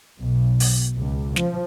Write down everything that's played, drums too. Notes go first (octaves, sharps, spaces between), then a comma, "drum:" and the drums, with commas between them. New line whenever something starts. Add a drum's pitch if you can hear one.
B1
drum: open hi-hat
C#2
F3, drum: snare